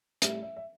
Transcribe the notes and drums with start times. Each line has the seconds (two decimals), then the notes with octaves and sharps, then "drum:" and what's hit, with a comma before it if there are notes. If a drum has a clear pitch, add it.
0.22 A2 G3 E5, drum: hi-hat
0.42 E5
0.56 E5